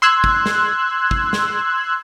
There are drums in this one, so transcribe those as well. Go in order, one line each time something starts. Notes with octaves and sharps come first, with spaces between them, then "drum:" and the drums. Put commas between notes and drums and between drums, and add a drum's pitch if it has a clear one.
C6 E6 F#6 G#6
drum: kick
drum: snare
drum: kick
drum: snare